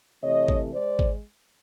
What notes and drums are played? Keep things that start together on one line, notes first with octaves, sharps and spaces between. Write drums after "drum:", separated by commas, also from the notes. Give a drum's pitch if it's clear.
C3 E3 A3 C#5 D#5
drum: kick G#1
G#3 C5 D5
drum: kick G#1